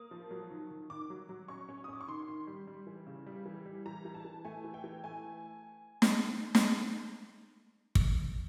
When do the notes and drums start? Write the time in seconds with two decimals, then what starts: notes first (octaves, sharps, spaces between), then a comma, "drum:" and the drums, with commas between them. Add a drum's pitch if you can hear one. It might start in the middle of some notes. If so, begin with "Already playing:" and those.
Already playing: A#3 D#6
0.11 F3
0.31 F#3
0.50 D#3
0.70 D#3
0.90 D#3 D6
1.10 F#3
1.29 F#3
1.48 C#4 C#6
1.69 C#4
1.84 D#6
1.88 C#4 D6
2.01 C#6
2.08 D#3 C6
2.28 D#3
2.47 G3
2.67 G3
2.87 E3
3.07 C#3
3.26 G3
3.46 E3
3.66 G3
3.86 E3 A#5
4.05 E3
4.14 A5
4.25 E3
4.45 A3 G#5
4.64 E3
4.74 G5
4.84 E3
5.04 A3 G#5
6.02 drum: snare
6.55 drum: snare
7.95 drum: kick